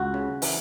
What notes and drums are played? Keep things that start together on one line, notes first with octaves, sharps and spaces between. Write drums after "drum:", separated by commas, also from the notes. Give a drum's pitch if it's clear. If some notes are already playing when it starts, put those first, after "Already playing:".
Already playing: C#2 F#4
C#3
E3, drum: open hi-hat